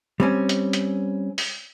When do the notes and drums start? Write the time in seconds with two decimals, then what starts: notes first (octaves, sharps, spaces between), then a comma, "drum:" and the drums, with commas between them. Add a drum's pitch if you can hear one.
0.20 G3 C4 C#4
0.49 drum: hi-hat
0.73 drum: hi-hat
1.38 drum: open hi-hat